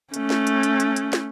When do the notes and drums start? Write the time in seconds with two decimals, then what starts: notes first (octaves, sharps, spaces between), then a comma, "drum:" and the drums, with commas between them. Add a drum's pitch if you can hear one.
0.14 A3 C#4, drum: hi-hat
0.30 drum: snare
0.47 drum: hi-hat
0.63 drum: hi-hat
0.80 drum: hi-hat
0.96 drum: hi-hat
1.13 drum: snare